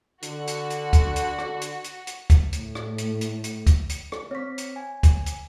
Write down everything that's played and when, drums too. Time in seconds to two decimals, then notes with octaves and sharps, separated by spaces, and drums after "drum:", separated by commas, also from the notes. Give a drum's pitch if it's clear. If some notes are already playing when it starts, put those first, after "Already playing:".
0.22 D3 F#4, drum: hi-hat
0.47 drum: hi-hat
0.70 drum: hi-hat
0.93 drum: kick, hi-hat
1.16 drum: hi-hat
1.39 drum: rim click
1.61 drum: hi-hat
1.84 drum: hi-hat
2.07 drum: hi-hat
2.30 drum: kick, hi-hat
2.53 A2, drum: hi-hat
2.75 drum: rim click
2.98 drum: hi-hat
3.21 drum: hi-hat
3.44 drum: hi-hat
3.67 drum: kick, hi-hat
3.89 drum: hi-hat
4.12 drum: rim click
4.31 C4 C#5 C#6 B6
4.58 drum: hi-hat
4.76 G#5
5.03 drum: kick, hi-hat
5.26 drum: hi-hat